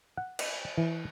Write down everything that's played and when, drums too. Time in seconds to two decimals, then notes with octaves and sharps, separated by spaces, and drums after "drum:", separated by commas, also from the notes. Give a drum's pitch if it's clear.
0.17 F#5
0.39 drum: cymbal
0.78 E3